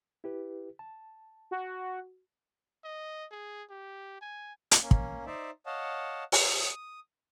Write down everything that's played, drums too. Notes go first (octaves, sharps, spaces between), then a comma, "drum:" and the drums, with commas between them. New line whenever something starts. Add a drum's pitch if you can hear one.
E4 G4 B4
A5
F#4
D#5
G#4
G4
G#5
drum: hi-hat
A#3 C#4
drum: kick
D#4 C5 D5 E5
C#5 D#5 F5 F#5 A5
drum: open hi-hat
D#6